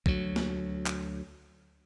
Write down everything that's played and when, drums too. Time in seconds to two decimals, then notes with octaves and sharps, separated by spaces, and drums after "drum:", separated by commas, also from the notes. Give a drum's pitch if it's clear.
0.06 D2 F#3, drum: kick
0.36 drum: snare
0.86 drum: clap